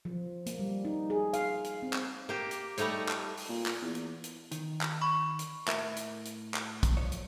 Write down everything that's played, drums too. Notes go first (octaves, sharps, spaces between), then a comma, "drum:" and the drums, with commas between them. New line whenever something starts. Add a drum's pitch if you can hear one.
F3
A#3, drum: hi-hat
G3
D#4
G#4
F5, drum: hi-hat
drum: hi-hat
C4
drum: clap
A#3 G4
drum: hi-hat
G3 A3 D#4 C#5, drum: hi-hat
drum: clap
drum: open hi-hat
A#2
drum: clap
E2
drum: hi-hat
drum: hi-hat
D#3, drum: hi-hat
drum: clap
B5 C#6
drum: hi-hat
A2 A#4 E5, drum: clap
drum: hi-hat
drum: hi-hat
drum: clap
drum: kick, hi-hat
B1 F3 C#5
drum: hi-hat